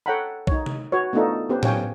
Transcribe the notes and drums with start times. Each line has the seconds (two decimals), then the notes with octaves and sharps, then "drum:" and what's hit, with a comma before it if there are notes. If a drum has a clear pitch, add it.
0.06 A4 C#5 F#5 G5 A#5 B5
0.47 D#4 C#5, drum: kick
0.66 drum: tom C3
0.92 F#4 B4 C#5
1.13 A3 B3 D4 D#4 F4 A4
1.49 B3 C#4 G4 B4 C5
1.63 C#4 G4 C#5 F5 G5 G#5, drum: tom A2